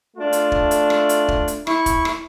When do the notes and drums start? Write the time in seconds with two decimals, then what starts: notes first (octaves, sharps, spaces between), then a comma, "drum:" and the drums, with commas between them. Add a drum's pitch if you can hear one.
0.17 A3 D4 F4
0.33 drum: hi-hat
0.52 drum: kick
0.71 drum: hi-hat
0.90 drum: rim click
1.09 drum: hi-hat
1.28 drum: kick
1.48 drum: hi-hat
1.67 E4 C#6, drum: rim click
1.86 drum: kick, hi-hat
2.05 drum: rim click